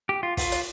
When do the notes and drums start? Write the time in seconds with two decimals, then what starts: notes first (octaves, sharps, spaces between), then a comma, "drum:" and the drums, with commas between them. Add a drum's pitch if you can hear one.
0.09 G4
0.23 F4
0.37 F4, drum: kick, open hi-hat
0.52 drum: hi-hat